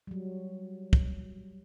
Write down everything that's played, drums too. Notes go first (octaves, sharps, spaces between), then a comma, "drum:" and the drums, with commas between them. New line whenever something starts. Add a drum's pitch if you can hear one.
F#3 G3
drum: kick